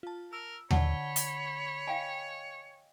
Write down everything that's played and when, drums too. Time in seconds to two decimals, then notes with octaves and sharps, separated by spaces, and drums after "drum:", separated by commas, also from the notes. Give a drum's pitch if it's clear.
0.03 F4 A5
0.33 A#4 E6
0.71 D3 C#5 D5 F#5 A5 B5 G7, drum: tom D#2
1.16 drum: hi-hat
1.87 D#5 F5 G5 G#5